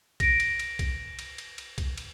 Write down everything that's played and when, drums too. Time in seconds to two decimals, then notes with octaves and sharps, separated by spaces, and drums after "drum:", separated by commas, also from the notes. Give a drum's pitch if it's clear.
0.20 A#6 D7, drum: kick B1, cymbal
0.40 drum: cymbal
0.59 drum: cymbal
0.79 drum: kick B1, cymbal
1.19 drum: cymbal
1.38 drum: cymbal
1.58 drum: cymbal
1.78 drum: kick B1, cymbal
1.98 drum: cymbal